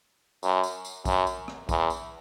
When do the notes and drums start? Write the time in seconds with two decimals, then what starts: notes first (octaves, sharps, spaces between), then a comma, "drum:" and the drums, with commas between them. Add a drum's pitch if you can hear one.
0.43 F#2, drum: tambourine
0.63 drum: tambourine
0.85 drum: tambourine
1.05 F#2, drum: kick A#1, tambourine
1.27 drum: tambourine
1.48 drum: rim click
1.69 E2, drum: kick A#1, tambourine
1.90 drum: tambourine